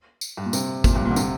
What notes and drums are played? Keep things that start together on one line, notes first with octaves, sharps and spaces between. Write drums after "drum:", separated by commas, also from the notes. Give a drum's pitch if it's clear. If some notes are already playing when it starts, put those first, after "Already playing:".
drum: tambourine
G2
A#2
C3, drum: tambourine
A#2, drum: kick, tambourine
G2
A#2
D3
C3, drum: tambourine